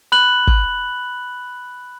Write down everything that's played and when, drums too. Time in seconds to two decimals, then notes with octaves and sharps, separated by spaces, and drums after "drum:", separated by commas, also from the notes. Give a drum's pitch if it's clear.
0.12 B5 F#6 F#7
0.47 drum: kick